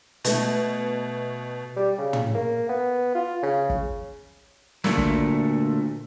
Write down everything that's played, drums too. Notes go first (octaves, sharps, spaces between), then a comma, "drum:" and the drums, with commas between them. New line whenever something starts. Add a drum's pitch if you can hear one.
B2 A3, drum: hi-hat
G3
C#3
drum: tom
A#3
B3
F4
C#3
drum: kick
D2 A#2 A3, drum: snare
drum: kick